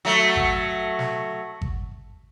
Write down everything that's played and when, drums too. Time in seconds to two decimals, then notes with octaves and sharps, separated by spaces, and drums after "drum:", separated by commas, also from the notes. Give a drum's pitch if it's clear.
0.05 F#3 A3
0.36 drum: kick G#1
0.99 drum: snare
1.61 drum: kick G#1